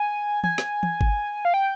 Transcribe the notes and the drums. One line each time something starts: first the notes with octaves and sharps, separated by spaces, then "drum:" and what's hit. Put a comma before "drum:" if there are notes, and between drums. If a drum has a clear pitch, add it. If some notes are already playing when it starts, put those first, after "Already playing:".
Already playing: G#5
G#5, drum: tom
drum: snare
drum: tom
drum: kick G1
F5
G5